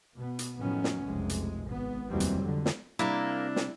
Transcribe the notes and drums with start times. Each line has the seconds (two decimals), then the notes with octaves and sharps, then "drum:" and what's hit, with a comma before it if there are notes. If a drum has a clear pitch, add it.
0.16 B2 B3
0.39 drum: hi-hat
0.59 F2 A2 D#3 F#3 B3 C#4
0.84 drum: snare
1.04 F1 B1 C3 G#3
1.29 drum: hi-hat
1.69 G#1 B3
2.08 F1 D#2 E3 F#3 G3 C4
2.20 drum: hi-hat
2.41 F2 D3
2.66 drum: snare
2.99 C3 G3 A#3 C4 D4 E4
3.56 drum: snare